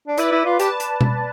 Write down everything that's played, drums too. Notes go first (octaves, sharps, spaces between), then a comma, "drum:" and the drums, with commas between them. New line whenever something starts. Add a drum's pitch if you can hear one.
D4
E4 B4 D5, drum: hi-hat
E4
F4
G4 A5, drum: hi-hat
drum: hi-hat
drum: tom B2